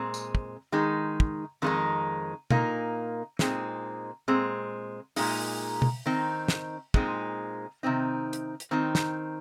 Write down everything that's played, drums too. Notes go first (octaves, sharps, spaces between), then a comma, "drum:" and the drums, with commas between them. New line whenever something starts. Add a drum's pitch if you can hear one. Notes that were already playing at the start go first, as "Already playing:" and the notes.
Already playing: A#2 G#3 C4
drum: tambourine
drum: kick
D#3 G#3 D#4
drum: kick
F2 D#3 G#3 D#4
A#2 A#3 D#4, drum: tom B2
A#2 G#3 C4 D#4, drum: snare
A#2 G#3 C4
A#2 G#3 D#4, drum: open hi-hat
drum: tom B2
D#3 C4 D#4
drum: snare
A#2 G#3 C4 D#4, drum: kick
C3 D#3 C4 D#4
drum: hi-hat
drum: hi-hat
D#3 C4 D#4
drum: snare